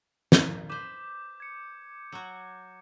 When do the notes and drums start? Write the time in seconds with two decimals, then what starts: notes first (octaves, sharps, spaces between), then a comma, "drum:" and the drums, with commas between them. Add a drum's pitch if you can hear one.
0.32 A#2, drum: snare
0.70 B4 C5 D6 G6
1.40 G#6 C#7
2.12 F#3 F#4